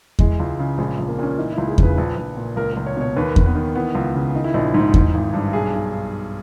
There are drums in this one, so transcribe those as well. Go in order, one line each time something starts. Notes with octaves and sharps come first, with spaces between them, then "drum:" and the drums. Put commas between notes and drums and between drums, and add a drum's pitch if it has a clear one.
E3 G#3, drum: kick E2
C#2
C#3
A#1 G#3
A#1
A#3
A#2 C#4
E3 D#4
E4
C#2
G#4
C#3 B4, drum: kick E2
A#1
A#1
A#2
C#2 A#4
C#2 A#4
C#5
B2 C#5
D#2 B4
A#4
D#2, drum: kick E2
B3
D#3
E3 B3
C#2
C#3
D#3 D#4
E4
A#1 D#4
G#2
E3, drum: kick E2
G#1
G2
B1 G#4
B1